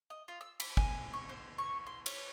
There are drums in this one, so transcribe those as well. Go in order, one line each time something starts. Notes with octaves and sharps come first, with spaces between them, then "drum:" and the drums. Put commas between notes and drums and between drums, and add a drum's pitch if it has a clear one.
D#5
F4
E6
B5, drum: cymbal
G#5, drum: kick
C#6
C5
C#6
C6
C#5, drum: cymbal